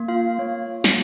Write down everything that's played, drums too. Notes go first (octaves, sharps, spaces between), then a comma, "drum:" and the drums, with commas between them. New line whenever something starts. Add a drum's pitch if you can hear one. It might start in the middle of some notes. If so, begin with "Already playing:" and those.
Already playing: A#3
F4 F5
A#3 C#5
drum: snare